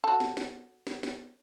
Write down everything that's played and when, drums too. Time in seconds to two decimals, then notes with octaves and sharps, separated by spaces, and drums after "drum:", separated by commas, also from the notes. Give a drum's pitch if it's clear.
0.04 F#4 A4
0.20 drum: snare
0.37 drum: snare
0.87 drum: snare
1.03 drum: snare